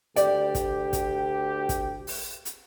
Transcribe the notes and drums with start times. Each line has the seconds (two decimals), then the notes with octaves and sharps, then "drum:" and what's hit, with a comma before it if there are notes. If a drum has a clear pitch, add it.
0.16 D2 G4 D5, drum: hi-hat
0.55 drum: kick, hi-hat
0.93 drum: kick, hi-hat
1.69 drum: kick, hi-hat
2.07 drum: open hi-hat
2.45 drum: hi-hat